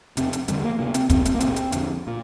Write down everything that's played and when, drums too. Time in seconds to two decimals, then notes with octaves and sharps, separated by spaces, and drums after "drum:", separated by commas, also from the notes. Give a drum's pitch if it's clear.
0.17 F2 C3 C4, drum: hi-hat
0.33 drum: hi-hat
0.48 F2 D3 G3, drum: hi-hat
0.64 A#3
0.79 D2 C3 A#3
0.94 C4, drum: hi-hat
1.10 C2 A#2 C4, drum: kick, hi-hat
1.25 drum: hi-hat
1.35 A#3
1.40 C2 A#2 C4, drum: hi-hat
1.56 drum: hi-hat
1.72 F2 D3, drum: hi-hat
2.07 A#2